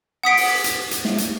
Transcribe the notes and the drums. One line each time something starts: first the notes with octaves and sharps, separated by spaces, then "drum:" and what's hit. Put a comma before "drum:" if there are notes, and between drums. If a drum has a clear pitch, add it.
F#5 D#6 B6 D7
drum: open hi-hat
drum: hi-hat
drum: hi-hat
drum: snare
drum: hi-hat